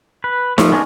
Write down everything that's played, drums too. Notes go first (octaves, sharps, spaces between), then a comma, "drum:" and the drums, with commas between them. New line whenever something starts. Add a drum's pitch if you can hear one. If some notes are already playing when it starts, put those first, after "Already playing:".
B4
F3 A3, drum: snare D#4
B3 C#4 D4 G#4 A#4